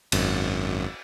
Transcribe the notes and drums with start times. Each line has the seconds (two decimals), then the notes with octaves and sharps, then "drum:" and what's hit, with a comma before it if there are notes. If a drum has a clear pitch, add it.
0.12 G#1 F#2, drum: cymbal